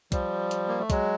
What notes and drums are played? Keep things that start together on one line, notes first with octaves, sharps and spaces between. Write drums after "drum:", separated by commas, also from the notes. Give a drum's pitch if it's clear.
F3 G3, drum: kick, hi-hat
drum: hi-hat
A#3
A3
F#3 G#3, drum: kick, hi-hat